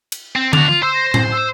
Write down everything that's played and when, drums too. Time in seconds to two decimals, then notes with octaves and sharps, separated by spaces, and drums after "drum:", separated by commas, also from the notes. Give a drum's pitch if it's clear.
0.12 drum: cymbal
0.36 C4
0.53 D4 F#4 F7, drum: tom D3
0.69 F4
0.83 C5 C6 E6
0.95 A#6
1.14 drum: tom A2
1.32 E6